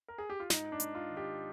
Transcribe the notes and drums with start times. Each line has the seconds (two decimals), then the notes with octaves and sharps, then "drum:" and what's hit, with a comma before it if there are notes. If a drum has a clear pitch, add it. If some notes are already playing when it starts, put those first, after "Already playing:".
0.08 A#4
0.18 G#4
0.30 G4
0.40 F4
0.50 G#2 D#4, drum: snare
0.72 D4
0.80 G#2, drum: hi-hat
0.95 F4
1.09 D#3
1.17 G4